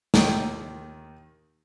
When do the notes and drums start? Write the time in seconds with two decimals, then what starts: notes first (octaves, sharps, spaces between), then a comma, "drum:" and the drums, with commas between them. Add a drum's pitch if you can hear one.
0.14 D#2 D#3, drum: snare